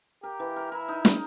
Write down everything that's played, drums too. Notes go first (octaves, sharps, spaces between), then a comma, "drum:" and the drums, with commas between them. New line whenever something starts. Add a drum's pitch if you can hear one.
G4 A#4
E3
A#4
E4 A#4
D#4
D#4, drum: snare